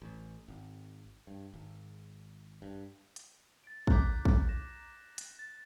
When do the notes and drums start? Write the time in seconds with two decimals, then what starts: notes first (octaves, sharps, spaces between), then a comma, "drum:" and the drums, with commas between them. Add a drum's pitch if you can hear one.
0.02 A1
0.48 G#1
1.27 G2
1.53 G#1
2.62 G2
3.16 drum: hi-hat
3.64 A6 D7
3.87 A#5 D6 F#6 G6 B6, drum: kick
4.25 drum: kick
4.49 A#6 E7
5.18 drum: hi-hat
5.39 A6